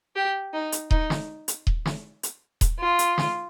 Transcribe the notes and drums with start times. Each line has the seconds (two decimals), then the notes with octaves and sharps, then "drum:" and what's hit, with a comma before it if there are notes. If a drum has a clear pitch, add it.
0.16 G4
0.54 D#4
0.72 drum: hi-hat
0.91 D#4, drum: kick D#1
1.10 drum: snare
1.48 drum: hi-hat
1.67 drum: kick D#1
1.86 drum: snare
2.23 drum: hi-hat
2.61 drum: kick D#1, hi-hat
2.80 F4
2.99 drum: hi-hat
3.18 drum: snare